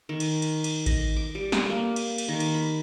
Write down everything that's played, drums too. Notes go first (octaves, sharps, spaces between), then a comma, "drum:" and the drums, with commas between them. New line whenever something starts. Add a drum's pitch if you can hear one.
D#3
drum: cymbal
drum: cymbal
drum: cymbal
D#5, drum: kick A1, cymbal
D6
G3
drum: snare
A#3
drum: cymbal
drum: cymbal
D#3
drum: cymbal
B5